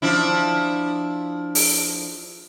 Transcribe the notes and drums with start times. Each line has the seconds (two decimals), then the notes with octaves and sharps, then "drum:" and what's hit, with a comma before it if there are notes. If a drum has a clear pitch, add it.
0.02 F3 D4 E4
1.55 drum: open hi-hat